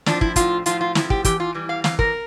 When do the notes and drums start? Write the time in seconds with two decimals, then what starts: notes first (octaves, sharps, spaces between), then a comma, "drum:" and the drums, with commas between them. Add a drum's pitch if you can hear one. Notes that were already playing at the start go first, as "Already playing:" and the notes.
0.06 A2 F3 D4, drum: snare
0.21 E4, drum: kick
0.36 A2 F3 F4, drum: kick, hi-hat
0.66 A2 F3 F4, drum: hi-hat
0.81 F4
0.95 A2 F3 E4, drum: snare
1.10 G4, drum: kick
1.25 E2 E3 G4, drum: kick, hi-hat
1.40 F4
1.54 E2 E3 G3
1.69 F5
1.84 E2 E3 F5, drum: snare
1.99 A#4, drum: kick